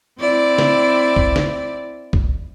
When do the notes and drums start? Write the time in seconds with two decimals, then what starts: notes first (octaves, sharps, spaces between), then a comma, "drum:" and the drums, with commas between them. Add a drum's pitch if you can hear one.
0.20 C4 E4 D5
0.58 drum: snare
1.16 drum: kick
1.36 drum: snare
2.13 drum: kick